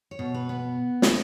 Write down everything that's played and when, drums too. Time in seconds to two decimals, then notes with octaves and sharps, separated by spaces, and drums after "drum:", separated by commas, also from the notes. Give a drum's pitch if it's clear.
0.11 C#5
0.19 B2
0.34 B4
0.49 B3
1.02 drum: snare